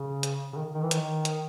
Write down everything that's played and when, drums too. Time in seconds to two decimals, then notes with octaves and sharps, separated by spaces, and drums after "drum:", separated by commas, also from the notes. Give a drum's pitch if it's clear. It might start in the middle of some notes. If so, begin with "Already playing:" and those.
Already playing: C#3
0.23 drum: hi-hat
0.53 C#3
0.57 D#3
0.74 D#3
0.82 E3
0.91 D#3, drum: hi-hat
1.25 drum: hi-hat